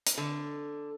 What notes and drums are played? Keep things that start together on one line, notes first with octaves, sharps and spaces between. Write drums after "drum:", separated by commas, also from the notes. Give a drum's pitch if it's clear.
drum: hi-hat
D3